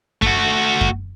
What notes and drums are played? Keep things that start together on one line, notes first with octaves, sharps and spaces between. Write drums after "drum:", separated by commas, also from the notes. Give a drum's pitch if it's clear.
A3 F#4, drum: kick F#2
drum: kick F#2